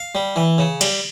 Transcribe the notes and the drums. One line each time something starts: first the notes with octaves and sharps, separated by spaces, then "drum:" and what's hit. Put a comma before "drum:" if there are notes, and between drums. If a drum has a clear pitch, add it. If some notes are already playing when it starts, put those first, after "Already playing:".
Already playing: F5
G3
E3
C#3
G3, drum: cymbal